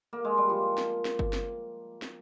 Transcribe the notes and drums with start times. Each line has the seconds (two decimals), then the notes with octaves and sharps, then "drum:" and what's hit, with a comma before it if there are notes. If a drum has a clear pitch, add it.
0.13 A#3
0.25 G#3
0.38 G3
0.49 F3
0.78 drum: snare
1.05 drum: snare
1.19 drum: kick G1
1.33 drum: snare
2.02 drum: snare